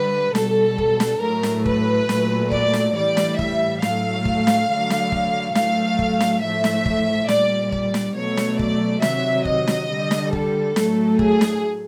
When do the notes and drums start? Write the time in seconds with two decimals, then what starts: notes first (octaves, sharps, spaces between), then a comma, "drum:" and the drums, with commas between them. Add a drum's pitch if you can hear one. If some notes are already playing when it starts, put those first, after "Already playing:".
Already playing: D3 G3 B4
0.35 B2 G3 A4, drum: snare
0.78 drum: kick
1.00 drum: snare
1.22 A2 F#3 A3 A#4
1.43 drum: snare
1.66 B4, drum: kick
2.09 A#2 F#3 A3, drum: snare
2.51 D5, drum: kick
2.73 drum: snare
2.95 A2 E3 G3 D5
3.17 drum: snare
3.39 E5, drum: kick
3.82 A2 F#3 A3 F5, drum: snare
4.25 drum: kick
4.47 drum: snare
4.69 D3 F#3 A3
4.90 drum: snare
5.12 drum: kick
5.55 A2 F#3 A3 F5, drum: snare
5.99 drum: kick
6.20 drum: snare
6.42 A2 F3 A3 E5
6.64 drum: snare
6.86 drum: kick
7.28 A#2 G3 D5, drum: snare
7.72 D5, drum: kick
7.94 drum: snare
8.15 B2 F#3 A3 C#5
8.37 drum: snare
8.59 D5, drum: kick
9.02 C3 D#3 F#3 E5, drum: snare
9.45 D#5, drum: kick
9.67 drum: snare
9.89 D3 G3
10.11 drum: snare
10.33 A4, drum: kick
10.76 A2 F#3 A3, drum: snare
11.19 G#4, drum: kick
11.41 drum: snare